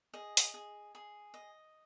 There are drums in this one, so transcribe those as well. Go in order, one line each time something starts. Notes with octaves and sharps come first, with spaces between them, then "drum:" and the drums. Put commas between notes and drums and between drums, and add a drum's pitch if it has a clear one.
G#4 D#5
drum: open hi-hat
G#4
G#4
D#5